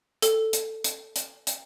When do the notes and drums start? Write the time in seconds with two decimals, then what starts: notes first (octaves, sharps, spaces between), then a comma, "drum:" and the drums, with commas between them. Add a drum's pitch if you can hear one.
0.22 A4, drum: hi-hat
0.53 drum: hi-hat
0.84 drum: hi-hat
1.16 drum: hi-hat
1.47 drum: hi-hat